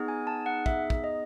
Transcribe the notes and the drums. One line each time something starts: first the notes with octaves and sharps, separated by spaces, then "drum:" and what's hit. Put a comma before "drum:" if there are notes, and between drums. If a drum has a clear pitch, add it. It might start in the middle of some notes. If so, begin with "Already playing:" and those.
Already playing: B3 D#4 G#4
G#5
A5
F#5
E5, drum: kick
drum: kick
D#5